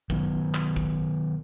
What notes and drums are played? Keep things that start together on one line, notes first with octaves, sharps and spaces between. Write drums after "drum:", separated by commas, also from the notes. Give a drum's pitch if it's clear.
D#3 F#3 B3, drum: kick
drum: clap
drum: kick